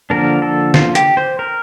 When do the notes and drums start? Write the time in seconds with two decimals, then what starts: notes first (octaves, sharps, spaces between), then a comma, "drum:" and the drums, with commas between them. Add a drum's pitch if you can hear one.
0.10 D3 F3 A#3 D4 A#4
0.42 A4
0.74 F4, drum: snare
0.95 G4, drum: hi-hat
1.17 C5
1.39 A#4